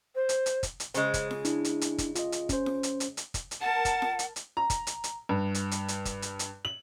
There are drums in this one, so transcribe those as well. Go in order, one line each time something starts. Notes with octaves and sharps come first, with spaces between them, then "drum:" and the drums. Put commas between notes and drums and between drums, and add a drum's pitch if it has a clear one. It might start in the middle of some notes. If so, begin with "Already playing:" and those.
C5
drum: hi-hat
drum: hi-hat
drum: kick, hi-hat
drum: hi-hat
C#3 G#3 C5, drum: hi-hat
drum: kick, hi-hat
drum: snare F4
D4 E4, drum: hi-hat
drum: hi-hat
drum: hi-hat
drum: kick, hi-hat
F4 D#5, drum: hi-hat
drum: hi-hat
C#4 C5, drum: kick, hi-hat
drum: snare F4
drum: hi-hat
drum: hi-hat
drum: hi-hat
drum: kick, hi-hat
drum: hi-hat
A#4 F#5 A5
drum: kick, hi-hat
drum: snare F4
drum: hi-hat
drum: hi-hat
A#5
drum: kick, hi-hat
drum: hi-hat
drum: hi-hat
G2
drum: hi-hat
drum: hi-hat
drum: hi-hat
drum: kick, hi-hat
drum: hi-hat
drum: hi-hat
F#7